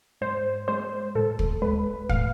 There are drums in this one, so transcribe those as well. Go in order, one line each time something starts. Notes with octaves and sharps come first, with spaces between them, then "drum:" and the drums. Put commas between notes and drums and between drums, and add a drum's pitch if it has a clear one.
G#2 C5
G#3 C5
A2 A4
drum: kick
G#3 B4
A2 F5, drum: kick